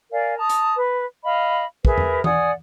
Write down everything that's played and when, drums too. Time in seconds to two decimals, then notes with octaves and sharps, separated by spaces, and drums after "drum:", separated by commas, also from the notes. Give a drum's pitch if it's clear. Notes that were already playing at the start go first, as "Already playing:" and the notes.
0.11 A#4 D5 F5 G#5
0.38 A5 A#5 D#6
0.50 drum: hi-hat
0.76 B4
1.23 D#5 F5 B5
1.85 G#4 A#4 B4 E5, drum: kick
1.98 drum: tom E2
2.24 D5 F#5 G#5 D#6, drum: tom E3